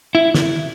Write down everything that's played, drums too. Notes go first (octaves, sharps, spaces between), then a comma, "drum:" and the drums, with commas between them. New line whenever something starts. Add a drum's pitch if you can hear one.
E4
drum: snare